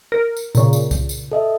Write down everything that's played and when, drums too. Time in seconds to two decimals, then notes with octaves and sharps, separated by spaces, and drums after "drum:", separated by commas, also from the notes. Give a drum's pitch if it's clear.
0.12 A#4
0.37 drum: tambourine
0.55 A#2 C#3, drum: tambourine
0.73 drum: tambourine
0.91 drum: kick C2, tambourine
1.09 drum: tambourine
1.32 A4 D#5 E5